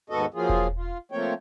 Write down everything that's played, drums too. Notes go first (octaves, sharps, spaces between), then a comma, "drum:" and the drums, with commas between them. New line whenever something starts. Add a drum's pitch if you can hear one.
D#2 G#2 B3 F#4 A4 D#5
F3 F#3 A#3 F4 G#4
drum: kick E1
F4
F3 A3 A#3 C4 C#5 G5